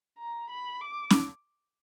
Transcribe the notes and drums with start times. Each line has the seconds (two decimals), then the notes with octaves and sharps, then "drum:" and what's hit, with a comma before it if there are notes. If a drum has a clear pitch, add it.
0.19 A#5
0.50 B5
0.81 D6
1.10 drum: snare C#4